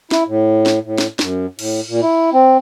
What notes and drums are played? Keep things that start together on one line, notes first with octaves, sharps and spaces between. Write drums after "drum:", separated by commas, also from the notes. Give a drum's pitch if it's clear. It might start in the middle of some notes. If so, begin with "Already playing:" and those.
E4, drum: snare
A2
drum: snare
A2
drum: snare
F#2, drum: snare
A2, drum: cymbal
A#2
E4
C4